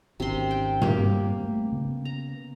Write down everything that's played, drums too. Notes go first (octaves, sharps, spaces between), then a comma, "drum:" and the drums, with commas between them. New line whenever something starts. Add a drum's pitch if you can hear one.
G#1 C3 D#3 C#4 C6
G5
G3 A#3 G4, drum: tom
A3 C4
C#3 B3
A#5